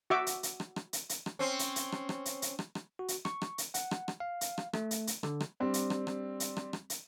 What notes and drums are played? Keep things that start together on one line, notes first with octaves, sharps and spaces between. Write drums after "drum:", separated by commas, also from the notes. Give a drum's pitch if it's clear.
F#4 E5 D6
drum: hi-hat
drum: hi-hat
drum: rim click
drum: rim click
drum: hi-hat
drum: hi-hat
drum: rim click
C4 C#4
drum: hi-hat
drum: hi-hat
drum: rim click
drum: rim click
drum: hi-hat
drum: hi-hat
drum: rim click
drum: rim click
F#4
drum: hi-hat
C#6, drum: rim click
drum: rim click
drum: hi-hat
F#5, drum: hi-hat
drum: rim click
drum: rim click
F5
drum: hi-hat
drum: rim click
A3, drum: rim click
drum: hi-hat
drum: hi-hat
D3, drum: rim click
drum: rim click
G3 C4 D4
drum: hi-hat
drum: rim click
drum: rim click
drum: hi-hat
drum: rim click
drum: rim click
drum: hi-hat